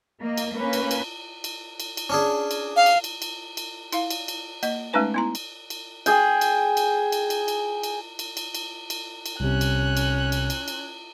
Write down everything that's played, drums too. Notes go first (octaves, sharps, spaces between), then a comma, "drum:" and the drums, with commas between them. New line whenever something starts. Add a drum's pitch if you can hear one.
A#3 D#5
drum: cymbal
A#3 C#4 B4
drum: cymbal
drum: cymbal
drum: cymbal
drum: cymbal
drum: cymbal
C#4 D4 G#4
drum: cymbal
F5
drum: cymbal
drum: cymbal
drum: cymbal
drum: cymbal
E4 F5, drum: cymbal
drum: cymbal
drum: cymbal
A#3 D#5, drum: cymbal
G#3 A3 C#4 D#4 B4 G#5
B3 E4 A#5
drum: cymbal
drum: cymbal
G#4 G5, drum: cymbal
drum: cymbal
drum: cymbal
drum: cymbal
drum: cymbal
drum: cymbal
drum: cymbal
drum: cymbal
drum: cymbal
drum: cymbal
drum: cymbal
drum: cymbal
C2 C3 C#4 F#6
drum: cymbal
drum: cymbal
drum: cymbal
drum: cymbal
drum: cymbal